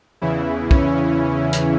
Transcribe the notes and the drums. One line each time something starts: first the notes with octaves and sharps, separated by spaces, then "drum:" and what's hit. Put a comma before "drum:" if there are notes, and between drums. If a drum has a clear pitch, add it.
E2 C#3 E3 E4
C#4, drum: kick
drum: hi-hat